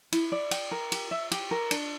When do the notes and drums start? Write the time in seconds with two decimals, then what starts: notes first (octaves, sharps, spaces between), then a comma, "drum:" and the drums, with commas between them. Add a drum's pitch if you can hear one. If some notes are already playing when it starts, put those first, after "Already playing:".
0.12 E4, drum: cymbal
0.32 D5
0.51 G5, drum: cymbal
0.71 A#4
0.92 G4, drum: cymbal
1.11 E5
1.31 G4, drum: cymbal
1.51 A#4
1.71 D4, drum: cymbal